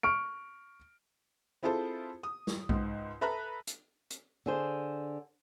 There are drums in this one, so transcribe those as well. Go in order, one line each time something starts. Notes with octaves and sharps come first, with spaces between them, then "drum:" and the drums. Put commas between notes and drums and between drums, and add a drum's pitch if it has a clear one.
C#6 F6 D7
C4 E4 F4 G#4 A4 C5
D#6
drum: snare
C#2 G#2, drum: kick B1
A4 B4 E5 A#5 B5 F#6
drum: hi-hat
drum: hi-hat
D3 G#4 C5